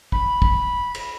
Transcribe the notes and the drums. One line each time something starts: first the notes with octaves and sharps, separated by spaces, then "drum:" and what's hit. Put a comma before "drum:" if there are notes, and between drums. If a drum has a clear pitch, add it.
B5, drum: kick
drum: kick
drum: cymbal